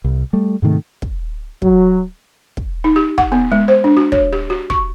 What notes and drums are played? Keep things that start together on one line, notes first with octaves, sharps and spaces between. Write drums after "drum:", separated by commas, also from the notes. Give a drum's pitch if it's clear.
C2
G3 A3
G#2 C3 D#3 A3
drum: kick
F#3, drum: kick
drum: kick
D#4
G4
F#5, drum: kick
B3
G#3
C5
D4
F#4
C#5, drum: kick
G4
F#4
C#6, drum: kick